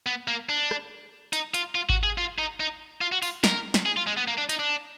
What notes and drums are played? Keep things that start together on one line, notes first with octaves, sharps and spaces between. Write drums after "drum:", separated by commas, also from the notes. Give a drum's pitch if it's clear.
B3
A#3
D4
drum: rim click
D#4, drum: hi-hat
F4, drum: hi-hat
F4
F#4, drum: kick G#1
G#4
F4
D#4
D#4
F4
F#4
F4, drum: open hi-hat
A#4, drum: snare
drum: snare
G#4
F4
G#3
B3
A#3
D4
D#4, drum: hi-hat
D4